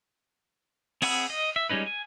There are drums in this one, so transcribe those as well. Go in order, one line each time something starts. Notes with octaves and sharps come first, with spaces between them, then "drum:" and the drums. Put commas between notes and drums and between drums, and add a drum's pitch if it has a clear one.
C4 G#4 F#5 B5 E6, drum: cymbal
D#5
E5
G3 G#3 C#4 D#4 B4
G#5